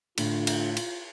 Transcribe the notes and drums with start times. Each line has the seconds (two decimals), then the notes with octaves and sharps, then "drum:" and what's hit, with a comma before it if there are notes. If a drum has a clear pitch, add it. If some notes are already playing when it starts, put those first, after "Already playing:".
0.18 A2 D3 F4, drum: cymbal
0.47 drum: cymbal
0.77 drum: cymbal